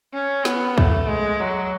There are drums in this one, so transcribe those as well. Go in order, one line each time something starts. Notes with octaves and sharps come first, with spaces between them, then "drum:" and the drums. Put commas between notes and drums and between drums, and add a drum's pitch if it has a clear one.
C#4
B3, drum: snare
A3, drum: kick
G#3
F#3